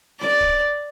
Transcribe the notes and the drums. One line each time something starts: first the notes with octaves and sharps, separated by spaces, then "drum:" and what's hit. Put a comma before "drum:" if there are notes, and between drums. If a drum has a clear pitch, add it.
D5, drum: snare C4
drum: kick